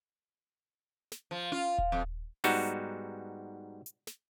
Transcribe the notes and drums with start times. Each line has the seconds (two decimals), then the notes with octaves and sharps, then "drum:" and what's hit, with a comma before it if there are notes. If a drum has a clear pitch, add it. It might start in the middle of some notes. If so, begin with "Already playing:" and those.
1.12 drum: snare
1.31 F3
1.52 F4, drum: tom C#4
1.78 drum: kick D#1
1.92 F2
2.44 G#2 G3 B3 D#4 F#4, drum: open hi-hat
3.86 drum: hi-hat
4.07 drum: snare